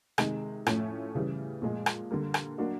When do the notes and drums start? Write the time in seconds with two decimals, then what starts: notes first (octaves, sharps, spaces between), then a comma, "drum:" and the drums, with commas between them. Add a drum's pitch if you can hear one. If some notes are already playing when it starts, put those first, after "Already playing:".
0.18 C3 D#3 G#3, drum: rim click
0.66 A2 F3 A3 C#4, drum: rim click
1.15 C#3 E3 G3
1.62 A#2 F3 G#3
1.86 drum: rim click
2.11 D3 G3 A#3
2.34 drum: rim click
2.58 F#3 A#3 D4 F#4